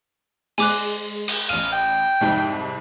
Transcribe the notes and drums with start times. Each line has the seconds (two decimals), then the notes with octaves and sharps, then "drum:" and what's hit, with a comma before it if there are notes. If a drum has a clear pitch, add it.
0.58 G#3 G#5 D6 F#6, drum: open hi-hat
1.28 drum: cymbal
1.49 A1 F5 D#7
1.72 G5
2.21 C2 F2 G#2